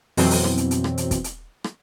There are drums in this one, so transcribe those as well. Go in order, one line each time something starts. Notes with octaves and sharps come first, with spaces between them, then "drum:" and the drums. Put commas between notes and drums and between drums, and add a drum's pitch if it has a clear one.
F2 B2 E3 F#3 C4, drum: open hi-hat
drum: open hi-hat
drum: rim click
drum: hi-hat
drum: hi-hat
drum: rim click
drum: hi-hat
drum: kick, hi-hat
drum: hi-hat
drum: rim click